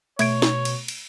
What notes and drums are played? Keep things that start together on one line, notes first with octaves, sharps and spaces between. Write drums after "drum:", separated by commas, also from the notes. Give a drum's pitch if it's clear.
B2 A3 C#5 G#6 D7, drum: cymbal
drum: snare
drum: cymbal
drum: cymbal